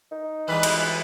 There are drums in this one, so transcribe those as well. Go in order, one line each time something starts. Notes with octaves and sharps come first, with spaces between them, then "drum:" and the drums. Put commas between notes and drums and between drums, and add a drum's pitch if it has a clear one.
D#4
E3 G3 G#3 B4
drum: cymbal